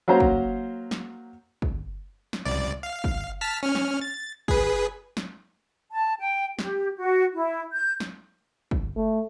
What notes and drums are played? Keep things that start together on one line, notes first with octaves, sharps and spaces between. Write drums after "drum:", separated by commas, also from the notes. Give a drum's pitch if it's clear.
F#3 A#3 C#4 C5 A#5
drum: kick
drum: snare
drum: kick
drum: snare
C2 D5
F5
drum: kick
A5 F6 B6
C#4 F6
drum: snare
A6
G#4 B4, drum: kick
drum: snare
A5
G5
G4, drum: snare
F#4
E4
G6
drum: snare
drum: kick
A3